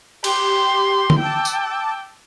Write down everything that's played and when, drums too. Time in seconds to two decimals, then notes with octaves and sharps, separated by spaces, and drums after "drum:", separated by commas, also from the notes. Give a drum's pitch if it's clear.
0.24 G4 C6, drum: cymbal
1.10 drum: tom
1.19 G5 A5 D6 E6
1.45 drum: tambourine